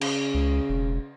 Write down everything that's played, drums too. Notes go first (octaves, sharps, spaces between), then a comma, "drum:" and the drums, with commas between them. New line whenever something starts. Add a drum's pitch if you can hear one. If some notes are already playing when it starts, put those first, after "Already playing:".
C#3, drum: cymbal
C#2
E1